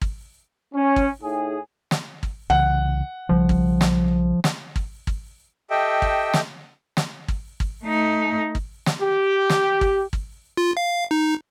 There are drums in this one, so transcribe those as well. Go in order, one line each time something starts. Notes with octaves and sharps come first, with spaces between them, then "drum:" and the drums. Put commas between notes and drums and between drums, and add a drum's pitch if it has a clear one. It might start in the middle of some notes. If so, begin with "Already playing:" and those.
drum: kick G#1
C#4
drum: kick G#1
A2 D#4 G#4
drum: snare
drum: kick G#1
C2 C#3 E3 F#5
B1 C#3 F3 G3
drum: kick G#1
drum: snare
drum: snare
drum: kick G#1
drum: kick G#1
G4 A4 D#5 E5 G5
drum: kick G#1
drum: snare
drum: snare
drum: kick G#1
drum: kick G#1
A3 D#4
drum: kick G#1
drum: snare
G4
drum: snare
drum: kick G#1
drum: kick G#1
F4
F5
D#4